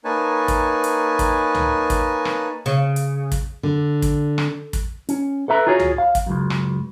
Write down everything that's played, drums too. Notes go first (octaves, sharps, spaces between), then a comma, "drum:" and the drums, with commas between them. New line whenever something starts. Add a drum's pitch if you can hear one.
A#3 D#4 B4 C#5 G#5 A5
drum: kick, hi-hat
drum: hi-hat
drum: kick, hi-hat
drum: tom
drum: kick, hi-hat
drum: rim click
C#3
drum: hi-hat
drum: kick, hi-hat
D3
drum: kick, hi-hat
drum: rim click
drum: kick, hi-hat
C#4, drum: hi-hat
A4 B4 E5 A#5
F4 F#4 G#4 C#5
drum: tom
F5
drum: kick, hi-hat
C#2 F#2
drum: rim click